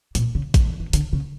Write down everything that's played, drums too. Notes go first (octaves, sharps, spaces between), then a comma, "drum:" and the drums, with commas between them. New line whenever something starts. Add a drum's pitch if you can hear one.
A#2, drum: hi-hat
C#3
D3, drum: kick A1, hi-hat
E3
E3
D3, drum: hi-hat
C#3